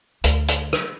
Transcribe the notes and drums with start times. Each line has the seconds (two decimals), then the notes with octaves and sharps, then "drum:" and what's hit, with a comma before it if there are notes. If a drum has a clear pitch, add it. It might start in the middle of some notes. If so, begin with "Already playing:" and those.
0.24 D2, drum: hi-hat
0.48 drum: hi-hat
0.73 drum: rim click